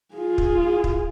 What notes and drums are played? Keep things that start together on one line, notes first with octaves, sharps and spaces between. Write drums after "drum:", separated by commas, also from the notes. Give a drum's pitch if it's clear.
F4 G#4
drum: kick
drum: kick